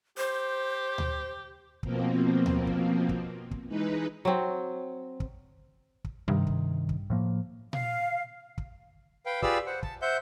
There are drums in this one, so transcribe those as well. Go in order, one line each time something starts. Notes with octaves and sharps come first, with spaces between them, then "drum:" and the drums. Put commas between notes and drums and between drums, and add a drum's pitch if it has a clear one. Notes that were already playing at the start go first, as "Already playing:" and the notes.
G4 C5
drum: tom D2
B2 F3 A#3 C4, drum: kick
drum: tom D2
drum: kick
drum: kick
drum: kick
E3 G#3 D#4 B4
F#3 C4
drum: kick
drum: kick
G2 C3 D#3
drum: kick
drum: kick
A2 F3 A#3
F5, drum: tom A#2
drum: kick
B4 F5 G5
F4 G4 G#4 B4 D5 E6, drum: kick
C5 F#5
A5, drum: kick
C5 E5 F#5 G6